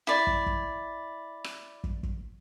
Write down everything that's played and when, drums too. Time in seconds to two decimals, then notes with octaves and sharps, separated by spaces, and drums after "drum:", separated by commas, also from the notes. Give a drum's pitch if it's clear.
0.07 E4 D5
0.27 drum: kick
0.46 drum: kick
1.44 drum: rim click
1.84 drum: kick
2.03 drum: kick